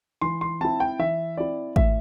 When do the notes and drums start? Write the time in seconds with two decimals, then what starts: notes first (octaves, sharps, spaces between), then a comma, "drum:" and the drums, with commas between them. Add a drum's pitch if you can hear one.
0.21 E3 C6
0.41 C6
0.61 C4 E4 A5
0.80 G5
0.99 E3 E5
1.37 C4 E4 D5
1.76 A2 E5, drum: kick G#1